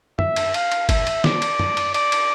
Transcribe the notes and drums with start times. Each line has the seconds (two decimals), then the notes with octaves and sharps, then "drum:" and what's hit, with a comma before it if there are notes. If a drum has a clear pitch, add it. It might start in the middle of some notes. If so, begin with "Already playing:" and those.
0.19 E5, drum: tom
0.36 drum: cymbal
0.54 F5, drum: cymbal
0.72 drum: cymbal
0.89 E5, drum: kick G1, cymbal
1.07 drum: cymbal
1.24 D5, drum: snare
1.42 drum: cymbal
1.59 drum: tom
1.77 drum: cymbal
1.94 D5, drum: cymbal
2.12 drum: cymbal